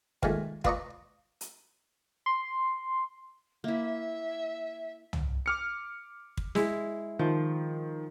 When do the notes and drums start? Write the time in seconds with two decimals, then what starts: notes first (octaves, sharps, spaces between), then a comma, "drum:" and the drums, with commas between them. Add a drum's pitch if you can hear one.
0.23 A#2 D#3 G#3 A3, drum: kick
0.64 F4 B4 D5 D#5 A#5 C#6, drum: kick
1.41 drum: hi-hat
2.26 C6
3.64 A#3 E4 E5
5.13 drum: tom
5.46 D6 F6 C#7
6.37 drum: kick
6.55 G#3 E4, drum: snare
7.19 D#3 F3